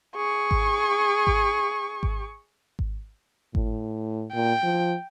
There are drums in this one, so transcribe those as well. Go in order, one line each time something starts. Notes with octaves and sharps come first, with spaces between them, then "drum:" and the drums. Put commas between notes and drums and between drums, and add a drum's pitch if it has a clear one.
G#4 C#6
drum: kick G#1
drum: kick G#1
drum: kick G#1
drum: kick G#1
A2, drum: kick G#1
A#2 G5
F3